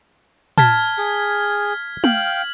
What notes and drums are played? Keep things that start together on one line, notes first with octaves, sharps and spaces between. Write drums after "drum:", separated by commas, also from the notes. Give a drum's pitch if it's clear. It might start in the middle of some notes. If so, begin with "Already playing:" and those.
A5 F6 G#6 B6, drum: tom
G#4, drum: tambourine
F5 G5 F#7, drum: tom